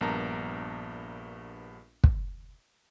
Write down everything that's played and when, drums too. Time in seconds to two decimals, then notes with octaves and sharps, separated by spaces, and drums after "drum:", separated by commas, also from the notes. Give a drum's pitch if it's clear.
0.01 A#1 G2 B3 A#4 A5 A#5
2.04 drum: kick